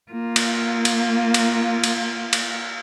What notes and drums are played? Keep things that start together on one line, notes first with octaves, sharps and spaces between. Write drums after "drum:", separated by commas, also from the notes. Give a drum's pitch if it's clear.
A#3 F4
drum: cymbal
drum: cymbal
drum: cymbal
drum: cymbal
drum: cymbal